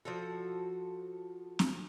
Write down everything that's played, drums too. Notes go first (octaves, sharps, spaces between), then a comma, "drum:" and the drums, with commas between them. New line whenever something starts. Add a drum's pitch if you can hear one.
F3 F#4 A4
drum: snare C4